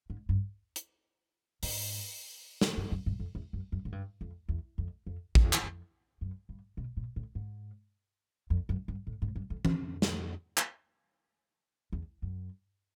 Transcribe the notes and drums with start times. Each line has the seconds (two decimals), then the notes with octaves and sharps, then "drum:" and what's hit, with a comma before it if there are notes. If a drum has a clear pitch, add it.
0.10 G#2
0.29 G2
0.76 drum: hi-hat
1.63 G#2, drum: open hi-hat
2.61 drum: snare
2.77 G2
2.92 F#2
3.06 G2
3.20 F2
3.35 E2
3.53 F#2
3.72 F#2
3.85 G#2
3.92 G2
4.21 F2
4.49 E2
4.78 F2
5.06 F2
5.35 F#2, drum: kick A1
5.44 F2
5.53 E2, drum: clap
5.63 F2
6.21 F#2
6.49 G2
6.77 B2
6.97 A#2
7.16 A2
7.35 G#2
8.50 F2
8.69 F#2
8.88 G2
9.07 A2
9.22 G#2
9.36 G2
9.50 F2
9.65 F2, drum: tom E3
10.02 drum: snare
10.57 drum: clap
11.93 E2
12.22 F#2